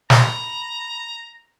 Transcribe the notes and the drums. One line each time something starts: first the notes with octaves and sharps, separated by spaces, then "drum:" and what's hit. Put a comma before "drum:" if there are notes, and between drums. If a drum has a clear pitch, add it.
A#5 B5, drum: snare